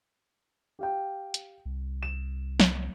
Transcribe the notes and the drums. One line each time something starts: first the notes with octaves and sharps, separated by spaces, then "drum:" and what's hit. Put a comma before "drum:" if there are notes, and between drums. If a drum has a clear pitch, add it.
G4 F5 G5
drum: hi-hat
C2
E7
drum: snare